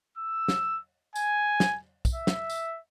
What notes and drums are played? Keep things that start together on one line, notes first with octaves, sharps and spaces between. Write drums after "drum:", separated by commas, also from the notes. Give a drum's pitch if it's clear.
E6
drum: snare
G#5, drum: tambourine
drum: snare
drum: kick, tambourine
E5
drum: snare
drum: tambourine